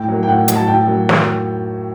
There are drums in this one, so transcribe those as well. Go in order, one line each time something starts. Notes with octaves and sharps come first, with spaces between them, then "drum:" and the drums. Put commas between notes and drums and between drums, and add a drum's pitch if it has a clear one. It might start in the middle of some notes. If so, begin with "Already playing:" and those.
Already playing: A2 G5
F#3 A#3
G5
A2 F#5
F#3 A#3, drum: hi-hat
A5
A2 G5
F#3 A#3
drum: snare